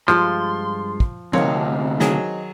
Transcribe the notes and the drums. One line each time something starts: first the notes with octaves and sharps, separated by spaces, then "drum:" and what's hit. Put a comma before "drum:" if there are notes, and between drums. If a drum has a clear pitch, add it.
G2 F3 G#3 F4 C6
drum: kick
D2 C3 C4 D#4 A#4 C#5 F5, drum: tom F3
D#3 F#3 G#4, drum: snare